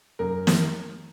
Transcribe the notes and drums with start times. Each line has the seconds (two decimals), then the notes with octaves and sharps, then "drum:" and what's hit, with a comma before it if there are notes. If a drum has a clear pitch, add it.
0.19 F#2 A#4
0.47 drum: snare